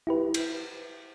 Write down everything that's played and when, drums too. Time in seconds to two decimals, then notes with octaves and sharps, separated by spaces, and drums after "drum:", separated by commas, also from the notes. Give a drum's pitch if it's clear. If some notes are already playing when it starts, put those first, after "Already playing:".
0.07 E4 G4 B4
0.34 drum: cymbal